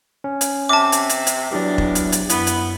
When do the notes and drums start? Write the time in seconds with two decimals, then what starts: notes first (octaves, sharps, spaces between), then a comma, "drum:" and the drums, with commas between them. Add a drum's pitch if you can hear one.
0.24 C#4
0.41 drum: hi-hat
0.69 C3 A5 D6
0.92 drum: hi-hat
1.09 drum: hi-hat
1.27 drum: hi-hat
1.52 E2 F#3 D4 G4
1.78 drum: kick
1.95 drum: hi-hat
2.12 drum: hi-hat
2.29 F#2 B3 E4, drum: hi-hat
2.47 drum: hi-hat